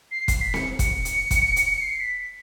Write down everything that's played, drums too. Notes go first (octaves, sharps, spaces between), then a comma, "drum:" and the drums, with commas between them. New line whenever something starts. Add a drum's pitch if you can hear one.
C7
C7, drum: kick, hi-hat
B6
C#7, drum: snare C4
C#7, drum: kick, hi-hat
drum: hi-hat
drum: kick, hi-hat
drum: hi-hat
C7
B6